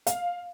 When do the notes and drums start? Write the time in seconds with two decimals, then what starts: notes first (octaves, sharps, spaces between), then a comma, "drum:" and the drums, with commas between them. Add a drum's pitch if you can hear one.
0.07 F5, drum: hi-hat